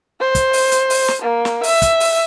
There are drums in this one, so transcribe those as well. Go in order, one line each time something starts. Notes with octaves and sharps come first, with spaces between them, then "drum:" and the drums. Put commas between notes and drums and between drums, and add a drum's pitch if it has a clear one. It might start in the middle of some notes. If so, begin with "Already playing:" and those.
C5
drum: kick, hi-hat
drum: open hi-hat
drum: hi-hat
drum: open hi-hat
drum: snare
A#3
drum: snare
E5, drum: open hi-hat
drum: kick, hi-hat
drum: open hi-hat